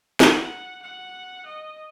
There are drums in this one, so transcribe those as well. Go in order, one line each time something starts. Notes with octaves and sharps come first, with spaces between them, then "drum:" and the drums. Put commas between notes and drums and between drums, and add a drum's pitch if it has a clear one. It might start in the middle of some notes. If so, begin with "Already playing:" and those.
F#5, drum: snare
F#5
D#5